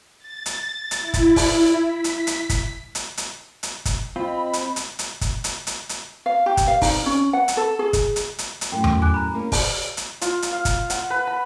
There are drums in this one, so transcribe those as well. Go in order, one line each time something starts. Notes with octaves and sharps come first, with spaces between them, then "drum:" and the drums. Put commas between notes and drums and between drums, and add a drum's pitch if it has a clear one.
A6
drum: hi-hat
drum: hi-hat
E4
drum: kick, hi-hat
drum: kick, open hi-hat
B6
drum: hi-hat
drum: hi-hat
drum: kick, hi-hat
drum: hi-hat
drum: hi-hat
drum: hi-hat
drum: kick, hi-hat
C4 F4 D#5 B5
drum: hi-hat
drum: hi-hat
drum: hi-hat
drum: kick, hi-hat
drum: hi-hat
drum: hi-hat
drum: hi-hat
F5
G4
drum: kick, hi-hat
F5
D#4, drum: kick, open hi-hat
C#4
F#5
drum: hi-hat
A4
G#4
drum: kick, hi-hat
drum: hi-hat
drum: hi-hat
drum: hi-hat
F#2 A2 G5
drum: tom E2
G#5 D6 F#6
A#5 B5
A#3 C#4
drum: kick, open hi-hat
drum: hi-hat
F4, drum: hi-hat
drum: hi-hat
F5
drum: kick, hi-hat
F#5, drum: hi-hat
B4
B5